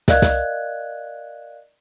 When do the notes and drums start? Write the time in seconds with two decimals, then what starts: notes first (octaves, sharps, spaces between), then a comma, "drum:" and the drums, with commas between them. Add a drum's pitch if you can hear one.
0.08 A#4 D5 D#5 F5 F#6 G#6, drum: snare
0.22 drum: snare